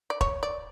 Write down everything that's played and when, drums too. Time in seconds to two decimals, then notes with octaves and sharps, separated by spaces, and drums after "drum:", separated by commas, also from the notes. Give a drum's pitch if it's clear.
0.10 D5
0.21 C#5, drum: kick E1
0.43 D5